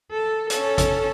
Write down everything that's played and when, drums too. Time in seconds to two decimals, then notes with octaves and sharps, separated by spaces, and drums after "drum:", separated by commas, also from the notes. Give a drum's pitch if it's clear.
0.12 A4
0.50 C#4 A4, drum: hi-hat
0.78 drum: kick, hi-hat